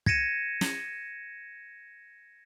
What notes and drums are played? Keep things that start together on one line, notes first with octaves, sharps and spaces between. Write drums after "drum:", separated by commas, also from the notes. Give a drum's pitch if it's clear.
G#6 A#6 C#7 D#7 E7, drum: kick
drum: snare